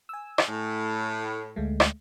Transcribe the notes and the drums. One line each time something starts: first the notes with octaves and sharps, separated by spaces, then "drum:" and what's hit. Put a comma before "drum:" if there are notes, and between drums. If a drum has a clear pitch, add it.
G#5 E6
drum: rim click
A2
D2 G#3 A3
drum: rim click